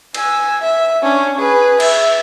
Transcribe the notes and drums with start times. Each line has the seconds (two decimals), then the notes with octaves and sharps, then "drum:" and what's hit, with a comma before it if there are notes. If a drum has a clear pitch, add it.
0.14 G#5 E6, drum: cymbal
0.61 E5
1.03 C#4 D4
1.38 G#4 B4
1.80 E5, drum: cymbal